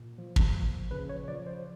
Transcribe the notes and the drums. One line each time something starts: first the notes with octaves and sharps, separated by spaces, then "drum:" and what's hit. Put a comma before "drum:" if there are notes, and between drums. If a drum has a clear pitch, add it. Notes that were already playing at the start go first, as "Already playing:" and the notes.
Already playing: A#2
F3
drum: kick
A#2
C#3 B4
C#5
F3 D5
C5